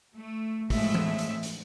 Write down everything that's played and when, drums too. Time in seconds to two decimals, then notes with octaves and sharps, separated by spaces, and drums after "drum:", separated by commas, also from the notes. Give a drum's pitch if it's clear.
0.16 A3
0.70 A2 F3 G#3 A3 E5, drum: kick, open hi-hat
0.94 drum: tom E3
1.19 drum: hi-hat
1.43 drum: hi-hat